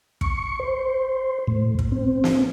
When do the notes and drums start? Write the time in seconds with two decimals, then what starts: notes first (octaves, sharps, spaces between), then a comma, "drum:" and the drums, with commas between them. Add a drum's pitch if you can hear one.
0.21 C#6, drum: kick
0.59 C5
1.48 A2
1.79 drum: kick
1.92 C4
2.24 drum: snare